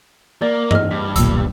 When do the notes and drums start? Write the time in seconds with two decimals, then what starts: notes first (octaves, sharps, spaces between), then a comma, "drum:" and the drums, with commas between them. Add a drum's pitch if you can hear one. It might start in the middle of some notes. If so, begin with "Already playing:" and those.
0.42 A#3 D5
0.71 D#5 F6, drum: tom G2
0.91 G2 B6
1.16 D#1 B1 A#2 E6, drum: hi-hat